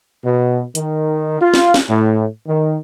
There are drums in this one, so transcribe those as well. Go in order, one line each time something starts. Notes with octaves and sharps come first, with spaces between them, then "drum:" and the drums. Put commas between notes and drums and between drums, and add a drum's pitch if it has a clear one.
B2
D#3, drum: hi-hat
F4
drum: snare
drum: snare
A2
D#3